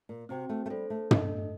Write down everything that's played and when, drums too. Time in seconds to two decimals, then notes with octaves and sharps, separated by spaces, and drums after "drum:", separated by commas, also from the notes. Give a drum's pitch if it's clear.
0.09 A#2
0.29 C3 C4 F#4 C5 G5
0.49 A3
0.66 A3
0.70 G3 D4 A4 C5
0.90 A3
1.11 D4 A4 D#5 A5, drum: tom